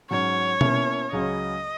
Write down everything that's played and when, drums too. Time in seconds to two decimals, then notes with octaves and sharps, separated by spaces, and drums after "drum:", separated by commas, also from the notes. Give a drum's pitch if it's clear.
0.10 G#2 F#3 C#4 F#4 C#5
0.61 B2 A#3 C#4 E4, drum: tom B2
1.12 C#2 C#3 F#3 C#4 D#5